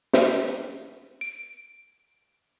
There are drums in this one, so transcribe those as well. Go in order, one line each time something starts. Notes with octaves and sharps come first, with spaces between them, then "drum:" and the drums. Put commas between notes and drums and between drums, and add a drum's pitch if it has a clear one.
drum: snare
D7